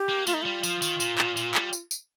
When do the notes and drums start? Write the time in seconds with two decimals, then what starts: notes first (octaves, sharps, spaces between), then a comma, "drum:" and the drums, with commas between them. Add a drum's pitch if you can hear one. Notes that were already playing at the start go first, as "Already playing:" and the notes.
Already playing: G4
0.09 A#3
0.27 A3 F4, drum: tambourine
0.34 D#4
0.42 G3 F4
0.64 F3, drum: tambourine
0.82 D#3, drum: tambourine
1.00 A#2, drum: tambourine
1.18 A#2, drum: clap
1.37 A#2, drum: tambourine
1.55 G3, drum: clap
1.73 drum: tambourine
1.91 drum: tambourine